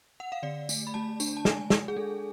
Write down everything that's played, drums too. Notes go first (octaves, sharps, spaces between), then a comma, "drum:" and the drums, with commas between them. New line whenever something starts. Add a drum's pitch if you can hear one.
F#5
F5
D3 D5
A3, drum: tambourine
B5
A3 A5
D4, drum: tambourine
A5
G#3 G#5, drum: snare
G#3, drum: snare
G#4
G#3 A4